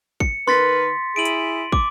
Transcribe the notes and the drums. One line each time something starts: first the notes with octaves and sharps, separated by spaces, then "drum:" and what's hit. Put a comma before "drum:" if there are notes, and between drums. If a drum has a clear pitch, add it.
C#7, drum: kick
D#3 A#4 B4 C6 A6 B6, drum: snare
E4 G#4 D7 D#7 F#7
drum: hi-hat
D6, drum: kick